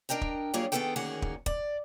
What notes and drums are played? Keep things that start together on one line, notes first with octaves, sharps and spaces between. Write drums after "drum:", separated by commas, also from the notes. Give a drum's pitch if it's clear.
D4 A#4 D#5 G5 A#5
drum: kick
F#3 G3 A#3 F4 G#4 C#5
D#3 F#3 B3 G#4 A4 G5
D2 D#3 A#3 C#4 G#4 F#5
drum: kick
D5, drum: kick